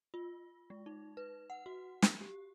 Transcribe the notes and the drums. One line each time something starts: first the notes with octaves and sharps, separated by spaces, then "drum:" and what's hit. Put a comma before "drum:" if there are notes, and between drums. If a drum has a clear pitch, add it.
F4
G#3
D#4
B4
F#5
F#4
drum: snare
G4